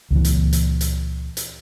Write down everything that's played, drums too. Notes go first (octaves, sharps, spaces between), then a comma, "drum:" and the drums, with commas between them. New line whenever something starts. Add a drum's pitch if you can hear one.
C#2 A#2 E3
drum: hi-hat
drum: hi-hat
drum: hi-hat
drum: hi-hat